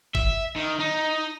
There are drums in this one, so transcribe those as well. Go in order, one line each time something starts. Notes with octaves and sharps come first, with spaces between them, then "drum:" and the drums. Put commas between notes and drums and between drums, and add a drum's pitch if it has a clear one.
E5, drum: kick F#1
D#3
D#4